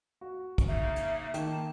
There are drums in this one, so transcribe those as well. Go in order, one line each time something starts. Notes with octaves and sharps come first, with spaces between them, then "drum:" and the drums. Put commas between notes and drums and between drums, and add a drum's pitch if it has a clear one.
F#4
drum: kick, hi-hat
C#3 A#3 D#4 E5
drum: hi-hat
D#3 A#3 A5, drum: hi-hat